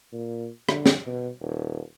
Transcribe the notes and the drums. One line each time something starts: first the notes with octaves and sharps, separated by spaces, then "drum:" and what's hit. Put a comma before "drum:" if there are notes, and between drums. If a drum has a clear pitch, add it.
A#2
D3, drum: rim click
drum: snare
B2
D#1